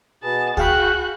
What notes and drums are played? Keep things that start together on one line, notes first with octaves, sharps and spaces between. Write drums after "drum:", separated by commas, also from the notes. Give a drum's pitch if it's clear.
B2 B3 G#4 A5
F#4 G#4 F5 G5 B5 F6 F#6, drum: kick